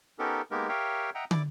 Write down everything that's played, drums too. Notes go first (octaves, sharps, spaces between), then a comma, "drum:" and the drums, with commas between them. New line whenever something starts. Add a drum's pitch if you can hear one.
B3 C#4 D#4 G4 A4 A#4
G#3 A#3 B3 D#4 G4 A#4
G4 A#4 C#5 E5 F5 G5
D#5 E5 F#5 G5 A#5
E4 D5 D6, drum: tom